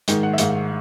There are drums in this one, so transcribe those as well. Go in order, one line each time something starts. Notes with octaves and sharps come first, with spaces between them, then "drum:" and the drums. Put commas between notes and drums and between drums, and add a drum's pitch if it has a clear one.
G#2 D#3 G#3, drum: hi-hat
F#5
E5
G#2 D#3 G#3 F5, drum: hi-hat